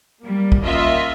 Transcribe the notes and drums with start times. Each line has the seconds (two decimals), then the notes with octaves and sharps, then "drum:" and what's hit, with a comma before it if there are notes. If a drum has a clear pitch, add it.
0.22 G3 A#3
0.52 drum: kick
0.64 C#3 A#3 F4 D#5 E5